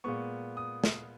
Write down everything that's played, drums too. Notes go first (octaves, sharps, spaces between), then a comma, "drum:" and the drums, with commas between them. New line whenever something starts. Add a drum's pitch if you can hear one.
A#2 G#3 B3 C#6
D#6
drum: snare